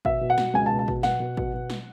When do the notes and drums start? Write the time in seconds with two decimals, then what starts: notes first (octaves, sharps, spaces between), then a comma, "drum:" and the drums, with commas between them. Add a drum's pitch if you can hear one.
0.05 B2 E5, drum: kick G#1
0.21 B2
0.30 F#5
0.38 B2, drum: snare
0.54 C#2 G#5
0.66 A5
0.71 B2
0.79 A5
0.88 B2, drum: kick G#1
1.03 B2 F#5, drum: snare
1.20 B2
1.37 B2, drum: kick G#1
1.54 B2
1.70 drum: snare